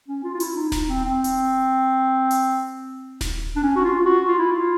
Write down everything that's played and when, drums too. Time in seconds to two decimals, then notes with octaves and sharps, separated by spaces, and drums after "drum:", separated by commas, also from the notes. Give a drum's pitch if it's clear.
0.08 C#4
0.23 F4
0.34 F4
0.40 E4, drum: hi-hat
0.56 D#4
0.72 D#4, drum: snare D#1
0.88 C4
1.04 C4
1.24 drum: hi-hat
2.31 drum: hi-hat
3.21 drum: snare D#1
3.56 D4
3.63 C#4
3.76 F#4
3.84 F4
4.01 F4
4.05 F#4
4.27 F4
4.39 E4
4.52 F4